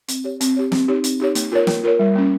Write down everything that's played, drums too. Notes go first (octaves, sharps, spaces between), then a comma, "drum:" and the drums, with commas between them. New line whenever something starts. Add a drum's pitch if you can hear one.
C4, drum: hi-hat
G4 C#5
C4, drum: hi-hat
G4 C#5
C4, drum: snare
D#4 G4 C#5
C4, drum: hi-hat
D#4 G4 C#5
A#3, drum: hi-hat
F4 A#4 C#5
A#3, drum: snare
F4 A#4 C#5
G3
A#3 C#4